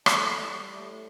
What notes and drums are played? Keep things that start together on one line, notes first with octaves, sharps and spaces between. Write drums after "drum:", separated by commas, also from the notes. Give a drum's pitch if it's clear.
A2 D4, drum: rim click
G3
G3
A2 A3